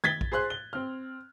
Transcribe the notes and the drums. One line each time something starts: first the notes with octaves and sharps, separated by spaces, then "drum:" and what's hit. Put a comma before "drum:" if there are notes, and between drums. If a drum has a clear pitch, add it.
G#6 A6 B6 G7, drum: tom D#3
drum: kick A#1
G#4 C5 C6 F#6
G7
C4 F6